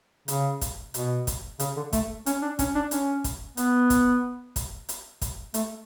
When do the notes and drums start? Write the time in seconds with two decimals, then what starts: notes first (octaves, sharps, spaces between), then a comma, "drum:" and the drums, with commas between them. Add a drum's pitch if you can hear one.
0.28 C#3, drum: hi-hat
0.61 drum: kick, hi-hat
0.94 B2, drum: hi-hat
1.27 drum: kick, hi-hat
1.60 C#3, drum: hi-hat
1.76 D3
1.93 A3, drum: kick, hi-hat
2.26 C#4, drum: hi-hat
2.42 D4
2.59 C#4, drum: kick, hi-hat
2.75 D4
2.91 C#4, drum: hi-hat
3.24 drum: kick, hi-hat
3.57 B3, drum: hi-hat
3.90 drum: kick, hi-hat
4.56 drum: kick, hi-hat
4.89 drum: hi-hat
5.21 drum: kick, hi-hat
5.54 A3, drum: hi-hat